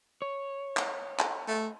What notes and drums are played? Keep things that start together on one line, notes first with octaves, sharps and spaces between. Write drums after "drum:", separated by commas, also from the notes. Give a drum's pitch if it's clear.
C#5
drum: clap
drum: clap
A3